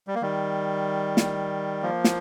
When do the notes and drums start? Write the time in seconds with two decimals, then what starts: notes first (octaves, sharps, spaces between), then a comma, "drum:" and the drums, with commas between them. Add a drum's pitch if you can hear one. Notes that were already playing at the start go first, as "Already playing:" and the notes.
0.08 G3
0.15 A#3
0.22 D#3 G3
1.17 drum: snare
1.82 F3 A#3
2.04 drum: snare